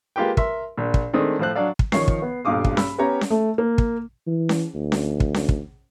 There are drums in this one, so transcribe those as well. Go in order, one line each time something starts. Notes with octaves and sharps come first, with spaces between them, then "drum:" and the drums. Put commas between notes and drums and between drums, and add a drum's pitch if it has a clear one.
G#3 A#3 F4 G4 B4 G5
A#4 E5 C6, drum: kick
A#1 A#2
drum: kick
D#3 G#3 A3 C4 D4 D#6
A2 F3 C5 F#6
F#3 D4 D5 F5
drum: kick
D#3 F3 C#5 C#6 C7, drum: snare C#4
drum: kick
B3
D#1 B1 G2 F5 D6 D#6
drum: kick
B5 E6, drum: snare C#4
B3 C#4 G4 C#5 A#5
drum: snare C#4
A3
A#3
drum: kick
E3
drum: snare C#4
D2
drum: snare C#4
drum: kick
drum: snare C#4
drum: kick